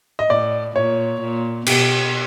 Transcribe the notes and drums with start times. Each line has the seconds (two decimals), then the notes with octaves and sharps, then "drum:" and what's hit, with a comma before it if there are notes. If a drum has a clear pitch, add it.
0.19 D#5
0.29 A2 D5
0.76 A#2 C#5
1.21 A#2
1.66 B2 G4, drum: cymbal